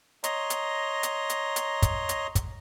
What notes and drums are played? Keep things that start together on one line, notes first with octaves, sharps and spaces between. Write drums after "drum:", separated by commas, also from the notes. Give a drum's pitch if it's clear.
C#5 D#5 A#5 C6, drum: hi-hat
drum: hi-hat
drum: hi-hat
drum: hi-hat
drum: hi-hat
drum: kick, hi-hat
drum: hi-hat
drum: kick, hi-hat